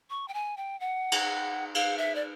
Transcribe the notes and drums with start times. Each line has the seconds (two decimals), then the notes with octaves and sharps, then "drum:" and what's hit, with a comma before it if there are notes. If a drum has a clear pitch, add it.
0.10 C#6
0.28 G5
0.34 G#5
0.57 G5
0.80 F#5
1.12 drum: cymbal
1.75 F5, drum: cymbal
1.98 E5
2.15 D5